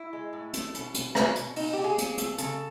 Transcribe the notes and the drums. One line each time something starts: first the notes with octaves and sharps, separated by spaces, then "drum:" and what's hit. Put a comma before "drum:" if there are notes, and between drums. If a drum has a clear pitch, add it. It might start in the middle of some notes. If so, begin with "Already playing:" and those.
Already playing: E4
G#3
A2
A3, drum: hi-hat
B2, drum: hi-hat
B2, drum: hi-hat
B2, drum: rim click
B2, drum: hi-hat
A#2 D#4, drum: open hi-hat
A#2 G4
G#4
A#2, drum: hi-hat
A3, drum: hi-hat
C#3 A4, drum: hi-hat